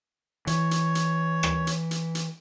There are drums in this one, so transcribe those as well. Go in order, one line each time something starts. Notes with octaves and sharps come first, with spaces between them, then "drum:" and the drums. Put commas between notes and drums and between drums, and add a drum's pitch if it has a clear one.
E3 C#5, drum: hi-hat
drum: hi-hat
drum: hi-hat
drum: rim click
drum: hi-hat
drum: hi-hat
drum: hi-hat